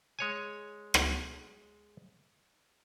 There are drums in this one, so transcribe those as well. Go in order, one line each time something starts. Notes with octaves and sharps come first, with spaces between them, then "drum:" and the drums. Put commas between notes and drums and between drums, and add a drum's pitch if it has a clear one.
G#3 C#5 G#5
drum: rim click